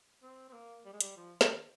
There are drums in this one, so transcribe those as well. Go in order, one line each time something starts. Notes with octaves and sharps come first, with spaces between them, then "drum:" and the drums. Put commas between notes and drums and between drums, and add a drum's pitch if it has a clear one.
C4
C4
A#3
G3
G#3
G3, drum: hi-hat
F3
D#3, drum: snare